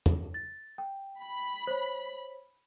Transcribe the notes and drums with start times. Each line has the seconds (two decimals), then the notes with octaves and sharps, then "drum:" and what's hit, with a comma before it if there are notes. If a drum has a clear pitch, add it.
0.06 drum: tom
0.34 A6
0.78 G5
1.19 B5
1.67 C5 C#5